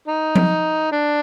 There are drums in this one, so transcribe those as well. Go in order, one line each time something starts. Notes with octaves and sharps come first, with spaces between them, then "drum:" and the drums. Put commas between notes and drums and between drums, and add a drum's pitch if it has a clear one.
D#4
drum: tom F3
D4